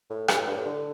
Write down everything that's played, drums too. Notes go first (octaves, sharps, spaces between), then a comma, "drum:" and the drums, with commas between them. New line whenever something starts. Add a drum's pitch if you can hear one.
A2
G2, drum: rim click
A2
G2
A2
D3